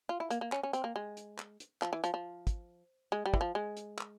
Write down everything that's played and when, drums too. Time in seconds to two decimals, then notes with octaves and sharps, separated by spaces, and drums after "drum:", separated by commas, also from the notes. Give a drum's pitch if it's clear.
0.09 F4
0.20 E4
0.30 A#3, drum: hi-hat
0.41 A#3
0.52 C#4, drum: clap
0.63 C#4
0.73 C4, drum: hi-hat
0.84 A#3
0.96 G#3
1.17 drum: hi-hat
1.39 drum: clap
1.60 drum: hi-hat
1.82 F3, drum: clap
1.93 E3
2.04 F3, drum: hi-hat
2.14 F3
2.47 drum: kick, hi-hat
3.12 G#3
3.26 G3
3.34 E3, drum: kick
3.41 F3
3.55 G#3
3.77 drum: hi-hat
3.98 drum: clap